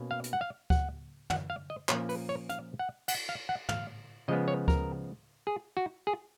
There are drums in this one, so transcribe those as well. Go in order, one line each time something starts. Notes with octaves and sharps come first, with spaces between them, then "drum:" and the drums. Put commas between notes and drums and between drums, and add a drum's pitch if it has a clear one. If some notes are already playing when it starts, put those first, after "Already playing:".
Already playing: B2 A#3 C#4
F5
drum: hi-hat
F#5
F5
F#5, drum: kick D2
F#5, drum: tom
F5
D#5
A#2 F3 A#3 C#4 C#5, drum: clap
B4, drum: open hi-hat
C#5
F5, drum: hi-hat
F#5
F#5, drum: cymbal
F5
F#5
F5, drum: tom
C#3 F3 G#3 B3 D#5
C#5
A#4, drum: kick D2
G#4
F#4
G#4